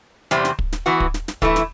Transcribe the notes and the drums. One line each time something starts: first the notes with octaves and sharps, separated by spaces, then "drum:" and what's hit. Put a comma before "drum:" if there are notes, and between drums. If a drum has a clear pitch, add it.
E2 C3 G3 C4, drum: snare
drum: snare
drum: kick
drum: snare
E3 B3 F#4
drum: kick
drum: snare
drum: snare
E3 A3 E4, drum: kick
drum: snare